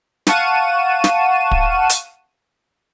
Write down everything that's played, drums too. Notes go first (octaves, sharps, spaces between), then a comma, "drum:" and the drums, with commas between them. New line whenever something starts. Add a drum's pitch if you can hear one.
F5 F#5 A5 C#6 D#7 E7, drum: snare
drum: snare
drum: kick
drum: hi-hat